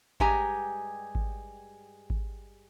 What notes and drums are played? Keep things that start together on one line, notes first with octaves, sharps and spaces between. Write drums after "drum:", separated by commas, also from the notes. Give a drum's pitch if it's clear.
G2 G#3 G4 G#5 A#5, drum: kick G#1
drum: kick G#1
drum: kick G#1